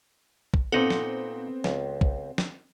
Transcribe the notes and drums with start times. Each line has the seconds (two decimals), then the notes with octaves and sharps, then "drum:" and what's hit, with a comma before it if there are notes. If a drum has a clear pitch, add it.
0.54 drum: kick
0.72 A#2 B3 C4 D#4 A4 F#5
0.90 drum: snare
1.64 C#2, drum: snare
2.01 drum: kick
2.38 drum: snare